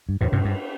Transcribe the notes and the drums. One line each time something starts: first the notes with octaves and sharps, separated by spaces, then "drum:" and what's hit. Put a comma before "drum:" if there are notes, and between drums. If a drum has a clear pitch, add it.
G2
E2 A2, drum: cymbal
G2 C3
G2